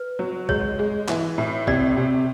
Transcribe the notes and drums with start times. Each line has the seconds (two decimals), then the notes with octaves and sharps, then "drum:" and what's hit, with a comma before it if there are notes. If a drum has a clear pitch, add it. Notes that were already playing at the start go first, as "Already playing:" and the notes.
Already playing: B4
0.19 F#3
0.49 G#3 C#5, drum: kick A1
0.79 G#3
1.08 E3, drum: clap
1.38 A2
1.67 C3 D5, drum: kick A1
1.97 C3